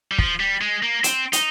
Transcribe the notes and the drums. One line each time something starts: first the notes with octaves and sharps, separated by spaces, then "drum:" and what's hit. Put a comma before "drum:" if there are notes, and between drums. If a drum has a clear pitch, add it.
G3
F3, drum: kick
G3
G#3
A#3
C4, drum: hi-hat
D#4, drum: hi-hat